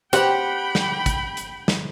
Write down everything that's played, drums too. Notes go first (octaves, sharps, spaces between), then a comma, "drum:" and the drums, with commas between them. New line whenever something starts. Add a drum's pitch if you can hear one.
C4 G4 B4 C5 F#5 G5 B5, drum: hi-hat
drum: snare
drum: kick, hi-hat
drum: hi-hat
drum: snare